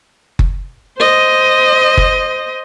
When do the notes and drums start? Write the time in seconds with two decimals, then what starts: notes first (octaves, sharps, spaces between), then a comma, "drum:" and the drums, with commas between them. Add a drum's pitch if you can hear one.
0.39 drum: kick F#1
0.98 C5 D#5
1.97 drum: kick F#1